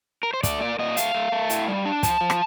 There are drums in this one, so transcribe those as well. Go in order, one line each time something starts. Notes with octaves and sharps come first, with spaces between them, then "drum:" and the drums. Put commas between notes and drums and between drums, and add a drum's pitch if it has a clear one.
A#4
C5
A3 D5, drum: kick, hi-hat
A#2 D5
A#2 D#5
A3 F5, drum: hi-hat
A3
A3
A2, drum: hi-hat
G3
D4
F3 A5, drum: kick, hi-hat
F3
drum: rim click